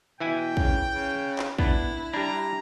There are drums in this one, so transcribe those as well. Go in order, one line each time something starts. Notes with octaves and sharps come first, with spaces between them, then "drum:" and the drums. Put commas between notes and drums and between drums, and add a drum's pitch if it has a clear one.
B2 E3 E4 G5 G#5
C#3, drum: kick
C#3
drum: clap
B3 D4 E4, drum: kick
G3 D4 A#5